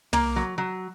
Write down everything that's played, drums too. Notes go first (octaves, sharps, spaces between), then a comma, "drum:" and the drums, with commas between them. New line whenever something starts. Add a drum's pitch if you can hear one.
A#3, drum: tom
F#3
F#3